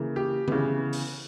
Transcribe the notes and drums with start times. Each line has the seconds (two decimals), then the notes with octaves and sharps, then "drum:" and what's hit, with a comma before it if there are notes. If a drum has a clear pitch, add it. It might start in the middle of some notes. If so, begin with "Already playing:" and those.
Already playing: C#3 E3 A#3
0.16 G4
0.48 C#3 E3 B3, drum: tom D3
0.93 drum: open hi-hat